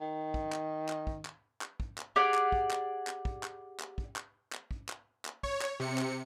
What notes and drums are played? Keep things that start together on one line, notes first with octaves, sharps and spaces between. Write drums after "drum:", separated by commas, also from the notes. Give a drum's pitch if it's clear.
D#3
drum: kick
drum: clap
drum: clap
drum: kick
drum: clap
drum: clap
drum: kick
drum: clap
G4 G#4 D5 F#5
drum: clap
drum: kick
drum: clap
drum: clap
drum: kick
drum: clap
drum: clap
drum: kick
drum: clap
drum: clap
drum: kick
drum: clap
drum: clap
C#5, drum: kick
drum: clap
C3 C#7
drum: clap